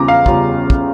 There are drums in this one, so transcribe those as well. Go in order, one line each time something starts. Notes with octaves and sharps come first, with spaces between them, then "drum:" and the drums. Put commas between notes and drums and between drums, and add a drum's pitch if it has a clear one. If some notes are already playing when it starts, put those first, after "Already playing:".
Already playing: E2 C#3 G3 C#4 F4 A#5 D6
F5
E2 C#3 G3 C#4 F4, drum: kick
drum: kick